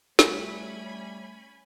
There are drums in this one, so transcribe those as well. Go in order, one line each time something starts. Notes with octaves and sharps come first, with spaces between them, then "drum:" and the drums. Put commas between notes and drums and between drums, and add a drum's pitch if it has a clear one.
G3 A3 C#4 G#5 B5, drum: snare